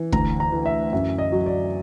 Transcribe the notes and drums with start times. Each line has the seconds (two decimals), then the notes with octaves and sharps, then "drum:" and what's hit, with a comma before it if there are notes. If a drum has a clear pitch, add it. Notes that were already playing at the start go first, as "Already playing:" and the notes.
Already playing: E3
0.12 D2 A#5, drum: kick
0.40 A#5
0.52 E3
0.66 E5
0.92 F#2 E5
1.18 D#5
1.32 F#3
1.46 D5